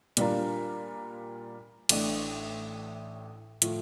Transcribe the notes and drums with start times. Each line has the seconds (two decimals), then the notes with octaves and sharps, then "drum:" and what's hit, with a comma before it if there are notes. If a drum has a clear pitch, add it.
0.17 A#2 G3 D4 F4 A#4, drum: hi-hat
1.89 A1 A2 A3 D4, drum: cymbal
3.62 A2 F3 A3, drum: hi-hat